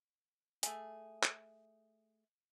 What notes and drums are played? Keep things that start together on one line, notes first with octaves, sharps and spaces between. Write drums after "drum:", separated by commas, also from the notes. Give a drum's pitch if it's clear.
A3 G#4, drum: hi-hat
drum: clap